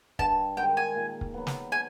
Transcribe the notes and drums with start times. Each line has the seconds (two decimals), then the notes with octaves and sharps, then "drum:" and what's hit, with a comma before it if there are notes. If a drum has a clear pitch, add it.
0.19 G2 A5, drum: kick
0.57 D#3 G#3 G5
0.77 G#5
0.95 A#2
1.21 drum: kick
1.34 F#3 B3
1.47 drum: snare
1.72 G#5